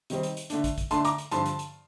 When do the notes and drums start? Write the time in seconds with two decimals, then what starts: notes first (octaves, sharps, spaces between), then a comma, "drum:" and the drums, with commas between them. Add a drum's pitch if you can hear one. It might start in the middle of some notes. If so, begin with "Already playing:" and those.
0.10 C3 D#3 G3 C4, drum: hi-hat
0.23 drum: hi-hat
0.37 drum: hi-hat
0.50 D3 A3 D4, drum: hi-hat
0.64 drum: kick, hi-hat
0.78 drum: kick, hi-hat
0.91 D3 A3 D4 A5 C6, drum: hi-hat
1.05 A#5 D6, drum: hi-hat
1.18 drum: hi-hat
1.31 G2 D3 F3 C4 A5 C6, drum: hi-hat
1.46 drum: hi-hat
1.59 drum: hi-hat